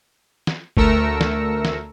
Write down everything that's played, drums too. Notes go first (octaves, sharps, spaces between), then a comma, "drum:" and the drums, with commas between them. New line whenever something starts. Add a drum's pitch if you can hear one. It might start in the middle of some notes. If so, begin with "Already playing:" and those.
drum: snare
D2 A3 A#4 E6 A#6 C#7, drum: kick
drum: snare
drum: snare